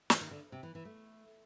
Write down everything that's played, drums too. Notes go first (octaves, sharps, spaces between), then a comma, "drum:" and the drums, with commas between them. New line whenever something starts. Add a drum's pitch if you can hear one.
E3, drum: snare
D#3
D3
C3
E3
E3
A3